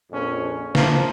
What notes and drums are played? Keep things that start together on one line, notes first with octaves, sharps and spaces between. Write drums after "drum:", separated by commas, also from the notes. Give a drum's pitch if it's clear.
A#1 F2 A#2 C#4
G#2 F3 A#3 A#4, drum: snare